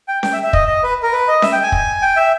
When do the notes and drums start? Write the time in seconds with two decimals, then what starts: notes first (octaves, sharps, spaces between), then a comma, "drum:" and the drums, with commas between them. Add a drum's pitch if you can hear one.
0.08 G5
0.23 G5, drum: snare C#4
0.33 E5
0.43 E5
0.53 D#5, drum: kick
0.67 D#5
0.83 B4
1.03 A#4
1.13 B4
1.28 D#5
1.42 E5, drum: snare C#4
1.52 G5
1.63 G#5
1.72 drum: kick
2.02 G5
2.17 E5